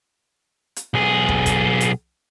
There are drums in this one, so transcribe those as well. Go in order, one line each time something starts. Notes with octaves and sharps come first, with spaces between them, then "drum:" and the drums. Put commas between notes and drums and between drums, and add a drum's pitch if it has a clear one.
drum: hi-hat
B1 G#4
drum: kick
drum: kick, hi-hat
drum: hi-hat